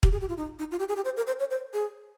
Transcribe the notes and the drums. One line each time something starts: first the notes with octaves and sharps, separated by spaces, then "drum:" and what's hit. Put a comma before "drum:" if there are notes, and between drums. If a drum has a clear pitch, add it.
G4, drum: kick
G#4
G4
F4
D#4
D#4
F4
G4
G#4
G4
C5
A#4
C5
C#5
C5
G#4